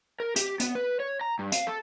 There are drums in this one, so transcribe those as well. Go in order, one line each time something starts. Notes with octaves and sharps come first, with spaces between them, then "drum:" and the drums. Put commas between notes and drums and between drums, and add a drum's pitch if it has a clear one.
A#4
G4, drum: hi-hat
B3, drum: hi-hat
B4
C#5
A#5
G2
F5, drum: hi-hat
A4